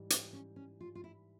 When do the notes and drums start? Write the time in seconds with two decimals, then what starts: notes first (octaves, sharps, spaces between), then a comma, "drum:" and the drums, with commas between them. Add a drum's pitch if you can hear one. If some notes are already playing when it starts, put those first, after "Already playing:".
Already playing: G#2 E3 G3
0.10 C4, drum: hi-hat
0.33 C#4
0.56 C#4
0.81 F4
0.95 F4
1.04 E4